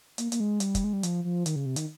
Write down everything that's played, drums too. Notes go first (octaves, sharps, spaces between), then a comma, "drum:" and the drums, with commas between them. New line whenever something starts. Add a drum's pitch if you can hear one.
A#3, drum: hi-hat
A#3, drum: hi-hat
G#3
G3, drum: hi-hat
drum: kick, hi-hat
G#3
G3
F3, drum: hi-hat
F3
D#3, drum: hi-hat
C#3
C3
D#3, drum: hi-hat